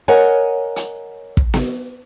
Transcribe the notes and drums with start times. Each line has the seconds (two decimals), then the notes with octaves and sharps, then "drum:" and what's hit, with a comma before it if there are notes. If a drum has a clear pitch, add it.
0.08 A#4 C#5 D#5 F#5 G#5
0.76 drum: hi-hat
1.37 drum: kick
1.54 drum: snare B3